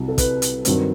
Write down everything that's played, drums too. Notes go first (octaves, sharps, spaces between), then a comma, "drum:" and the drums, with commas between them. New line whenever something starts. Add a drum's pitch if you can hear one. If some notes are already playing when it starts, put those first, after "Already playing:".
Already playing: C2 C3 F#3
A4
B4, drum: kick, hi-hat
drum: hi-hat
G2 D#3 F#3 C4, drum: hi-hat